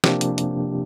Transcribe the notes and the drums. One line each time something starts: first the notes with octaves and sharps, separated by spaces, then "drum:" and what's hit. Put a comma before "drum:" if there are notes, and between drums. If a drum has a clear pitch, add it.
C3 F3 A#3 D4 G4, drum: snare
drum: hi-hat
drum: hi-hat